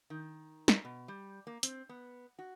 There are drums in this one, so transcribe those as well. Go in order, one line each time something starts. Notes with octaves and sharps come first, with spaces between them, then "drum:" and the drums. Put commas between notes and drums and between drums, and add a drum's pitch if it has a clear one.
D#3
A#4, drum: snare
B2
G3
A#3
C4, drum: hi-hat
B3
F#4